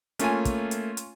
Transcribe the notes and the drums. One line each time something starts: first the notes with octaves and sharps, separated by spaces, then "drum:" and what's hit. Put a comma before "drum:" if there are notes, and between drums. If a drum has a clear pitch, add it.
A3 A#3 C#4 F4 G#5, drum: hi-hat
drum: kick, hi-hat
drum: hi-hat
drum: hi-hat